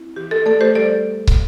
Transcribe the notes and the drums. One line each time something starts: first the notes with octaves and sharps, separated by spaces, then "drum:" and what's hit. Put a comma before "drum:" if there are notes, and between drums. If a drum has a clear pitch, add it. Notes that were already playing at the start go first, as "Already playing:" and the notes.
Already playing: C4 E4
E3 G4
A4
A3 A4 D5
G4 C5
G3 A4 D5
drum: kick